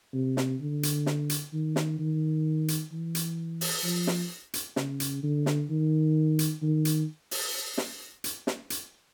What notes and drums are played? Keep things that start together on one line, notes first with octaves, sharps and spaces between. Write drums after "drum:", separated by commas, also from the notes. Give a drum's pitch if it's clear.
C3
drum: snare
D3
drum: hi-hat
drum: snare
drum: hi-hat
D#3
drum: snare
D#3
drum: hi-hat
E3
drum: hi-hat
drum: open hi-hat
F3
drum: snare
drum: hi-hat
C#3, drum: snare
drum: hi-hat
D3
drum: snare
D#3
drum: hi-hat
D#3
drum: hi-hat
drum: open hi-hat
drum: snare
drum: hi-hat
drum: snare
drum: hi-hat